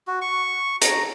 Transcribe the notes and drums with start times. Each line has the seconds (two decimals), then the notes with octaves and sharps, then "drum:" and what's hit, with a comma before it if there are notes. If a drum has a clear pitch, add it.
0.07 F#4
0.21 C#6
0.81 A#5, drum: hi-hat